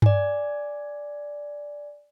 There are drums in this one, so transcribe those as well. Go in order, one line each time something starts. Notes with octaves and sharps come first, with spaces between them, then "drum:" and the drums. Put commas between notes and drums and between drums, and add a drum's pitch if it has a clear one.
D5 G#5, drum: tom G2